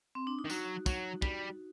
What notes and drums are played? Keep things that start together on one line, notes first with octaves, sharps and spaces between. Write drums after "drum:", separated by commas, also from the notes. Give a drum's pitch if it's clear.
C4
D4
D#4
D#3
F#3 F#4, drum: tambourine
F#3, drum: kick, tambourine
G3, drum: kick